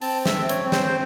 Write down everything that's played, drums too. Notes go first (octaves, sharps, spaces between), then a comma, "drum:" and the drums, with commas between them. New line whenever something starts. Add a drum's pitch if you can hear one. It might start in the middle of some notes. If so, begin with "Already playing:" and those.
C4 A5, drum: open hi-hat
E5, drum: snare
C4
C#5, drum: hi-hat
C4
C5, drum: snare
C5